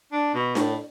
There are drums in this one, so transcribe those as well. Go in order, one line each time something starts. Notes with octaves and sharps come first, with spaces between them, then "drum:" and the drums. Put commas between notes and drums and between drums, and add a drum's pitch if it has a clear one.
D4
B2
A2, drum: snare D4